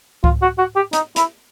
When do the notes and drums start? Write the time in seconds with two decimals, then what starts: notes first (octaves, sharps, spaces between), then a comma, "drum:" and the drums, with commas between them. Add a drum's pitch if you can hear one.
0.24 F4, drum: kick C#2
0.42 F#4
0.58 F#4
0.76 G4
0.93 D#4, drum: hi-hat
1.16 E4, drum: hi-hat